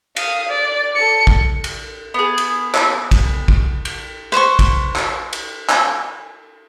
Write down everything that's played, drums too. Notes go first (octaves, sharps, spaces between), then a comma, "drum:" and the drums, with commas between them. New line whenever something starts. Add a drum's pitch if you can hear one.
F5 D#6, drum: cymbal
D5
A4 C#7
drum: kick
drum: cymbal
B3 G#4
drum: cymbal
drum: clap
drum: kick, cymbal
drum: kick
drum: cymbal
B4 C5 C6 C#6
drum: kick, cymbal
drum: clap
drum: cymbal
drum: clap